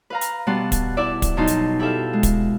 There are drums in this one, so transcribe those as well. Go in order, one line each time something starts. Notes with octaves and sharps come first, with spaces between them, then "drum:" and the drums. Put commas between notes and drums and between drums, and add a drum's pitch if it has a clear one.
B4 F5 A#5
drum: hi-hat
B2 G3 B3 F#5 A5 C6
drum: kick, hi-hat
E4 D5 E5
drum: kick, hi-hat
F#2 B2 D#4 A5 C6
drum: hi-hat
E4 G4 A4 E5 F5
G#3
drum: kick, hi-hat